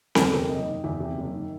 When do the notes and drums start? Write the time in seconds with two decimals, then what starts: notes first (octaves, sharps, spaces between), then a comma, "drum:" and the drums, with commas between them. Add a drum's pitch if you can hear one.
0.15 E2 A4, drum: snare C4
0.32 C3 A#4
0.49 F#1 D#5
0.66 D#3
0.84 E2 E5
1.00 C3
1.18 F#1
1.34 D#3